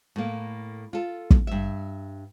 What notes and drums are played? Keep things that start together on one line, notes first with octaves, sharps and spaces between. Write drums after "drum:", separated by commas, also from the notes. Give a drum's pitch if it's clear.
A2 A#3
F4 A4
drum: kick
G2 E5